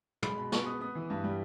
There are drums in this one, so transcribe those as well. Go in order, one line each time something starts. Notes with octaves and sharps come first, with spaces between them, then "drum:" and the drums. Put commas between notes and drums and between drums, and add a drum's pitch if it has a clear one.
G#3 B5, drum: tom
B2 B5
B3 C#6, drum: snare
B3 D#6
B3 D#6
E3
G2
G3